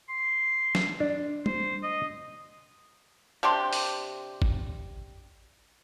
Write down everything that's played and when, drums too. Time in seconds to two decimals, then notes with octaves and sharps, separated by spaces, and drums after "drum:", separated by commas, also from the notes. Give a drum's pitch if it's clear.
0.09 C6
0.75 drum: snare
1.00 D4
1.46 C5, drum: tom
1.83 D#5
3.43 C3 D4 G4 C6
3.73 drum: open hi-hat
4.42 drum: kick G#1